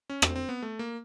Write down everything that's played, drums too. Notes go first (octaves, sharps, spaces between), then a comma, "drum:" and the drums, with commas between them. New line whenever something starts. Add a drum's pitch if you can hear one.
C#4
C4, drum: rim click
C4
B3
A3
A#3